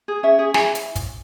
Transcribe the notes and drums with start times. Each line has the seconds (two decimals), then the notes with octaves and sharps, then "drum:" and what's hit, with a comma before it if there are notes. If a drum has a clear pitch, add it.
0.08 G#4
0.23 C#4 E5
0.39 G#4
0.54 E4 G#5, drum: snare
0.75 drum: hi-hat
0.95 drum: kick, hi-hat